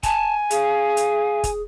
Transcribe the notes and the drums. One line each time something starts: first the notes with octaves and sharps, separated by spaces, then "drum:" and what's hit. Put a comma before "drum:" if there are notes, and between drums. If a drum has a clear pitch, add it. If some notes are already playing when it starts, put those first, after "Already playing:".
G#5 A5, drum: kick, hi-hat
G#4 F5, drum: hi-hat
drum: hi-hat
drum: kick, hi-hat